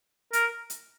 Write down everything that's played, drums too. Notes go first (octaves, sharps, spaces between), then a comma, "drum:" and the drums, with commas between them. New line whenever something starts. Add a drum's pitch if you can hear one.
A#4, drum: hi-hat
drum: hi-hat